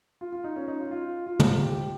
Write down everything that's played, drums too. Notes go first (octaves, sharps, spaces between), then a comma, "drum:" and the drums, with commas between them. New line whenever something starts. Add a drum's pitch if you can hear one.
F4
F4
D#4
C#4
D#4
F4
F4
F4
drum: tom
G4